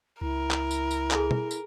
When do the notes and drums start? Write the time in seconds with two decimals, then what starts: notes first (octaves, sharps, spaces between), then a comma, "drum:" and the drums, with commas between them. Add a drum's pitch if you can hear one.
0.21 C#2 E4 A#4
0.51 drum: clap
0.71 drum: tambourine
0.91 drum: tambourine
1.11 G#4 A4 G#5, drum: clap
1.31 drum: tom
1.51 drum: tambourine